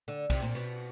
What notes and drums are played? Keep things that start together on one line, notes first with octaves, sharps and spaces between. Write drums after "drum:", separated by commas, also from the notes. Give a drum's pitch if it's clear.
D3
C3, drum: kick B1, cymbal
A#2
B2